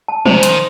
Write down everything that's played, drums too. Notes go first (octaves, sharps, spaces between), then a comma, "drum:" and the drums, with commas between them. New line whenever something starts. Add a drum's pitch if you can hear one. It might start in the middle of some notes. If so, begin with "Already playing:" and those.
A5
C3 C5, drum: tom
D#3
C#3
C6, drum: hi-hat
D#3